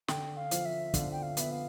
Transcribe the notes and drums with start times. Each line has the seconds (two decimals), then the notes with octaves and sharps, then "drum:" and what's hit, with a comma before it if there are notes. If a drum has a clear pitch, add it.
0.08 D3 G5, drum: snare
0.37 F5
0.51 F3, drum: hi-hat
0.65 E5
0.94 D3 F5, drum: kick, hi-hat
1.12 G5
1.23 F5
1.37 B3 E5, drum: hi-hat
1.51 F5